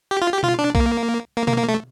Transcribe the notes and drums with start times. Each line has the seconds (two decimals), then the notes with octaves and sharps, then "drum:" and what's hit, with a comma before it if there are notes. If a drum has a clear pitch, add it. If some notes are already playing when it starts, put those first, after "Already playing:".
0.11 G4
0.22 F4
0.33 G4
0.43 F4, drum: tom B2
0.59 D4
0.75 A#3, drum: kick B1
1.37 A#3
1.48 A#3, drum: tom B2
1.58 A#3
1.69 A3